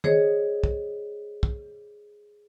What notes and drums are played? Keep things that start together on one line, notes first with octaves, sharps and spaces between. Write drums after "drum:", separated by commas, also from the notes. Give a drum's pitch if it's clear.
G#4 C5 C#5 D#5, drum: tom D#3
drum: kick
drum: kick